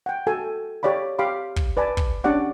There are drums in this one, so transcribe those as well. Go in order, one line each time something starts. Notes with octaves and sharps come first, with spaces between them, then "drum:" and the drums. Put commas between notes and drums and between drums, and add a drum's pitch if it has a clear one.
F#5 G5
F#4 A4 G#5
G4 C#5 D5 F5 B5
G4 F5 B5 C6 D6
drum: kick
B4 D5 G#5 A5 B5
drum: kick
C#4 D4 G4 D5 F#5 C#6